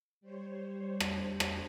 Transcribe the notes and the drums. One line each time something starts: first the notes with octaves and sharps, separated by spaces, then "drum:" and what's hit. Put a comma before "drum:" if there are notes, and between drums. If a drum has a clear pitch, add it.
G3 C5 C#5
drum: rim click
drum: rim click